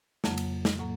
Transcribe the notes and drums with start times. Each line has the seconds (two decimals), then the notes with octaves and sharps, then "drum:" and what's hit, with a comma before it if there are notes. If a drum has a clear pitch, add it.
0.24 F2 C#3 F#3 A#3, drum: snare
0.38 drum: cymbal
0.65 drum: snare
0.79 A2 F#3 A#3